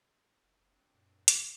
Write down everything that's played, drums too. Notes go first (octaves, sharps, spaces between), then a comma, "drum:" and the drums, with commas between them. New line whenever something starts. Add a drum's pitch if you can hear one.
F#1
F#3 C4 D4
F#2 A#2
A2 G#5 D#6, drum: hi-hat